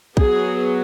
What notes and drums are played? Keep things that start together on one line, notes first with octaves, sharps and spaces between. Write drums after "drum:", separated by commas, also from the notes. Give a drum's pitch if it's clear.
F#3 B3 G#4, drum: kick